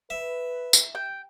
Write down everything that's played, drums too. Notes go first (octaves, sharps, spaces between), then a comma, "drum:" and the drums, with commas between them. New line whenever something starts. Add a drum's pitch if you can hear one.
B4 E5
drum: tambourine
G5